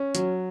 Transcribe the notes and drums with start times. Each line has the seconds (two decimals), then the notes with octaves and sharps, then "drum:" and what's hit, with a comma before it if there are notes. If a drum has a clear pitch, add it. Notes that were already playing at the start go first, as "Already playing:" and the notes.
Already playing: C#4
0.15 F#3, drum: hi-hat